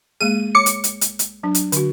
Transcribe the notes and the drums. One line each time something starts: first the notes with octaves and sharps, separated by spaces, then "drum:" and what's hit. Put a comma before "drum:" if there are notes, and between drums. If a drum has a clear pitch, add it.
G#3 A#3 G#4 D#7
C#5 D6 C#7
drum: hi-hat
drum: hi-hat
drum: hi-hat
drum: hi-hat
F#3 D4
drum: hi-hat
D3 F#4, drum: hi-hat